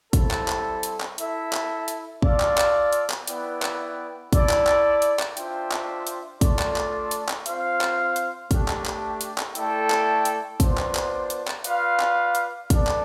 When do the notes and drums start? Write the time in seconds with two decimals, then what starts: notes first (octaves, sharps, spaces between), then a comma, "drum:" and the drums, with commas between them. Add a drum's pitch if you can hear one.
0.13 G3 C4 E4 A4, drum: kick, hi-hat
0.31 drum: clap
0.48 drum: clap
0.83 drum: hi-hat
1.01 drum: clap
1.18 E4 A4 E5, drum: hi-hat
1.53 drum: clap
1.88 drum: hi-hat
2.22 F4 A4 D5 F5, drum: kick
2.40 drum: clap
2.58 drum: clap
2.93 drum: hi-hat
3.10 drum: clap
3.27 B3 E4 B4 D5 G5, drum: hi-hat
3.62 drum: clap
4.33 E4 A4 D5, drum: kick, hi-hat
4.50 drum: clap
4.67 drum: clap
5.02 drum: hi-hat
5.19 drum: clap
5.37 D4 F4 C5 E5 G5, drum: hi-hat
5.72 drum: clap
6.07 drum: hi-hat
6.41 A3 D4 F4 A4 D5, drum: kick, hi-hat
6.59 drum: clap
6.76 drum: clap
7.11 drum: hi-hat
7.29 drum: clap
7.46 C4 F4 C5 F5, drum: hi-hat
7.81 drum: clap
8.16 drum: hi-hat
8.51 A3 D4 G4, drum: kick, hi-hat
8.68 drum: clap
8.86 drum: clap
9.21 drum: hi-hat
9.38 drum: clap
9.55 A3 E4 A4 D5 G5, drum: hi-hat
9.90 drum: clap
10.25 drum: hi-hat
10.60 B3 D4 F4 C5, drum: kick, hi-hat
10.78 drum: clap
10.95 drum: clap
11.30 drum: hi-hat
11.47 drum: clap
11.64 F4 B4 D5 F5, drum: hi-hat
12.00 drum: clap
12.35 drum: hi-hat
12.70 B3 D4 A4 D5, drum: kick, hi-hat
12.87 drum: clap